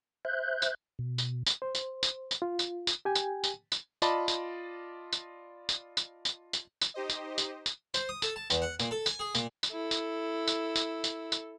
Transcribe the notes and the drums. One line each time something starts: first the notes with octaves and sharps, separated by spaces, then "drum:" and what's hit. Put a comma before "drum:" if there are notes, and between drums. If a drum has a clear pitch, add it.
C5 E5 F#6 G6
drum: tambourine
B2
drum: tambourine
drum: tambourine
C5
drum: tambourine
drum: tambourine
drum: tambourine
F4
drum: tambourine
drum: tambourine
G4 G5 G#5
drum: tambourine
drum: tambourine
drum: tambourine
F4 D5 D#5 A5 B5, drum: tambourine
drum: tambourine
drum: tambourine
drum: tambourine
drum: tambourine
drum: tambourine
drum: tambourine
drum: tambourine
D#4 G4 C5 D#5
drum: tambourine
drum: tambourine
drum: tambourine
C5, drum: tambourine
D#6
A4, drum: tambourine
A5
E2, drum: tambourine
F#5
A#2, drum: tambourine
A4
G#5, drum: tambourine
G#4
A#2, drum: tambourine
drum: tambourine
E4 A4
drum: tambourine
drum: tambourine
drum: tambourine
drum: tambourine
drum: tambourine